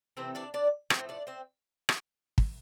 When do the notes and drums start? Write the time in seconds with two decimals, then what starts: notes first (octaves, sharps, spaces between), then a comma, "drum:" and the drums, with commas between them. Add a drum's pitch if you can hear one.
0.17 C3 E3 A3 C4 C5
0.35 D4 D5
0.54 D4 D5
0.90 A2 F3 A3 C4 C5, drum: rim click
1.09 D4 D5
1.27 C4 C5
1.89 drum: rim click
2.38 drum: kick